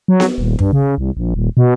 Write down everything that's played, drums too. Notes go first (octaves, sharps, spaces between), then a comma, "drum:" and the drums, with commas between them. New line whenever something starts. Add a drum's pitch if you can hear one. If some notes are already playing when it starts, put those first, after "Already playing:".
F#3
drum: snare B3
D#1
G2, drum: kick
C#3
C2
A#1
D#1
B2